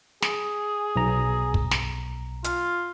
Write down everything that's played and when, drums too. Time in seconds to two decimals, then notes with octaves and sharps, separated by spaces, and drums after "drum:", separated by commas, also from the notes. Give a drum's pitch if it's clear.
0.22 G#4, drum: snare
0.96 B1 A#5
1.54 drum: kick
1.71 drum: snare
2.44 F4, drum: hi-hat